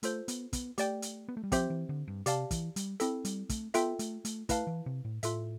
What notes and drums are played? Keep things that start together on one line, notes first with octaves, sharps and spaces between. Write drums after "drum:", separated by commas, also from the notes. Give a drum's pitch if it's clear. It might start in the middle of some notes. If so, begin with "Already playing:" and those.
A3 F4 A4 C5, drum: hi-hat
B3, drum: hi-hat
B3, drum: kick, hi-hat
A3 G4 D5 G5, drum: hi-hat
drum: hi-hat
B3
A3
G3
F3 C4 G4 C5 E5, drum: kick, hi-hat
E3
D3
G2
C3 G4 D5 F5 A5, drum: hi-hat
E3, drum: kick, hi-hat
G3, drum: hi-hat
C4 E4 A4, drum: hi-hat
G3, drum: hi-hat
A3, drum: kick, hi-hat
B3 F4 A4 E5 G5, drum: hi-hat
A3, drum: hi-hat
A3, drum: hi-hat
A3 E4 B4 F5 A5, drum: kick, hi-hat
E3
C3
A2
A2 F4 A4 E5, drum: hi-hat